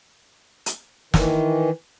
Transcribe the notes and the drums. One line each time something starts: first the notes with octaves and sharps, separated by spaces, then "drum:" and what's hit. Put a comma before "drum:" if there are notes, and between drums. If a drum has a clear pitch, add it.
drum: hi-hat
D#3 E3, drum: snare